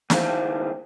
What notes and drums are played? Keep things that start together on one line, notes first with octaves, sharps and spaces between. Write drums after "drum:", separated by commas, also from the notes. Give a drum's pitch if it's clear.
C#2 D#3 E4 C5 F5, drum: snare